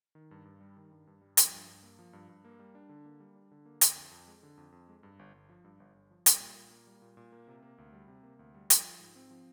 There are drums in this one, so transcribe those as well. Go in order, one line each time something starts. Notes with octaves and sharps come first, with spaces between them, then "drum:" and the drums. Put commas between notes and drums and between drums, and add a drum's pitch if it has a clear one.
D#3
G2
G2
G3
D#3
G2
G2
G3
F3, drum: hi-hat
G2
G2
A#3
F3
G2
G2
A#3
G3
D4
D3
A#3
G3
D4
D3
A#3
D3, drum: hi-hat
F2
F2
G#3
D3
F2
F2
G#3
G2
G1
G1
F3
G2
G1
G1
F3
G3, drum: hi-hat
A#2
A#2
A#3
G3
A#2
A#2
A#3
C3
A#3
D2
G3
C3
A#3
D2
G3
F3, drum: hi-hat
F4
G#2
C4
F3